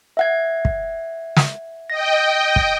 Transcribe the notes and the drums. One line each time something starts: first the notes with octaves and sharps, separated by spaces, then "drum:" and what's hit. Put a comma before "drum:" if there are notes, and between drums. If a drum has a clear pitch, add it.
E5 F#5 G#6
drum: kick
drum: snare
D#5 G5 A#6
drum: kick